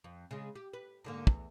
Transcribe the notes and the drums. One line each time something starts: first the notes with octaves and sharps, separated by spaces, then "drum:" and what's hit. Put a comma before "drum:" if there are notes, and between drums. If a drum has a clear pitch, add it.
F2
C#3 G#3
G4
B4
G#2 D3 A#3
E2, drum: kick